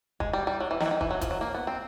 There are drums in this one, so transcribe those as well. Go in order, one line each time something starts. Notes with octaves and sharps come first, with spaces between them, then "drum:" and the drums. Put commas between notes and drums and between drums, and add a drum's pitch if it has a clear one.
G#3, drum: kick
G3
G3
F#3
E3
D#3, drum: snare
E3
D#3
E3, drum: kick
F#3
F3, drum: kick, hi-hat
F#3
A#3
B3
C4